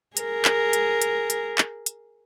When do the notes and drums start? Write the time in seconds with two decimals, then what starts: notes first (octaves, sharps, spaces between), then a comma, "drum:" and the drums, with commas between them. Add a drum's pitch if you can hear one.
0.17 G#4 A#4, drum: hi-hat
0.45 drum: clap
0.73 drum: hi-hat
1.02 drum: hi-hat
1.30 drum: hi-hat
1.58 drum: clap
1.86 drum: hi-hat